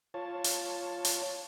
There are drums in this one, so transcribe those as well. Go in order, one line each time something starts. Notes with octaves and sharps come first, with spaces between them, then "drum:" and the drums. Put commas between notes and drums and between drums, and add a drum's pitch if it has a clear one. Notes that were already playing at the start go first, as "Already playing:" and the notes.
F4 C#5 A5
drum: hi-hat
drum: hi-hat